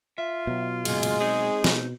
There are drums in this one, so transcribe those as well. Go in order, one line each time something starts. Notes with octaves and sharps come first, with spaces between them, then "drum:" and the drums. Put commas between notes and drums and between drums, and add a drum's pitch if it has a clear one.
F4 E5
B2 F#3
F#2 A#2 C#3 G#3, drum: cymbal
drum: cymbal
C4 D#4 G#4
B2, drum: snare